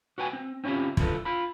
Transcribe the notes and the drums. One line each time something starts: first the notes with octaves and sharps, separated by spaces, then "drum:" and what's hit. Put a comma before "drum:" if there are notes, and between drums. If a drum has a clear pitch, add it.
F#4 B4 G5 G#5
C4
C4 C#4 E4 F4 G4
E4 F4 A4 B4, drum: kick
F4 B5